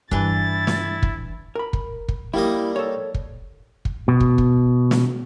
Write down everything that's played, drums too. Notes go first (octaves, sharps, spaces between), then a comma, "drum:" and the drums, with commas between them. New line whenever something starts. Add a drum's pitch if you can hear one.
G2 E3 D4 E4 A6, drum: kick
drum: snare
drum: kick
A#4 B5
drum: kick
drum: kick
G3 A#3 E4 D#5
A4 C#5
drum: kick
drum: kick
B2
drum: kick
drum: kick
drum: snare